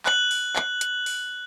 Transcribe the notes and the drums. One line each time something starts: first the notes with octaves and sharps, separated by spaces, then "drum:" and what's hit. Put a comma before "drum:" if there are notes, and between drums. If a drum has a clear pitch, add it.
F#6 F#7, drum: clap
drum: open hi-hat
drum: clap
drum: hi-hat
drum: open hi-hat